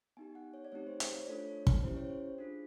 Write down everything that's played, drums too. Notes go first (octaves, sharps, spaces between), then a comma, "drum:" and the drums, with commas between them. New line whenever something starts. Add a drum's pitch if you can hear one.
B3 D#4 G4 G#5
F#5
C#5
D5
A3 C4 D#4 G4 C#5
C5
C5, drum: hi-hat
C#5
A3 D4 F4 A4 D5
C#5
drum: kick
C#4 E4 G4 C5
C#5
C5
D4 F4 G#4